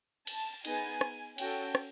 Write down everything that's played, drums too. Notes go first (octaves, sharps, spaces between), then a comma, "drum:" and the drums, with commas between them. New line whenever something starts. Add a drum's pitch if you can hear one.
A5, drum: cymbal
B3 D#4 G#4 G#5, drum: cymbal
drum: rim click
C#4 F#4 A4 G5, drum: cymbal
drum: rim click